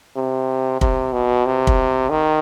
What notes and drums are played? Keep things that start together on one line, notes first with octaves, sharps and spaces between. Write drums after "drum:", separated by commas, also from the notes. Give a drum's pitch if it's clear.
C3
C3, drum: kick
B2
C3
drum: kick
D#3